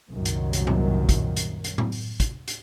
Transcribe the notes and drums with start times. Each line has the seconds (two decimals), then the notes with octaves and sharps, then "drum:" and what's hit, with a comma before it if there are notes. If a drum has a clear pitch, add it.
0.11 C2 F#2 A#2 D#3 F#3
0.25 drum: hi-hat
0.53 drum: hi-hat
0.67 drum: tom A2
1.09 drum: kick, hi-hat
1.36 drum: hi-hat
1.64 drum: hi-hat
1.78 drum: tom A2
1.92 drum: open hi-hat
2.20 drum: kick, hi-hat
2.48 drum: hi-hat